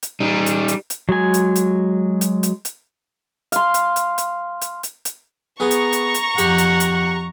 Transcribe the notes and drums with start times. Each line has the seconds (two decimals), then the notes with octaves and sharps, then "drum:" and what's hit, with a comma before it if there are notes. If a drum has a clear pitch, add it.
0.03 drum: hi-hat
0.20 G3 D#4
0.46 drum: hi-hat
0.68 drum: hi-hat
0.90 drum: hi-hat
1.09 F#3 G#3 G#5
1.34 drum: hi-hat
1.55 drum: hi-hat
2.21 drum: hi-hat
2.43 drum: hi-hat
2.65 drum: hi-hat
3.52 F5 C6, drum: hi-hat
3.74 drum: hi-hat
3.96 drum: hi-hat
4.18 drum: hi-hat
4.61 drum: hi-hat
4.83 drum: hi-hat
5.05 drum: hi-hat
5.60 B3 G#4 A#5 C#6
5.71 drum: hi-hat
5.92 drum: hi-hat
6.14 drum: hi-hat
6.38 F2 G4 F#5, drum: hi-hat
6.58 drum: hi-hat
6.80 drum: hi-hat